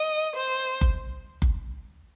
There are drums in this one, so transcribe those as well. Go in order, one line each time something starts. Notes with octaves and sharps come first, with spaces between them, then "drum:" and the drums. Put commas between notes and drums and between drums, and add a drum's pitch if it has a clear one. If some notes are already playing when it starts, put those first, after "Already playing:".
Already playing: D#5
C5
drum: kick F#1
drum: kick F#1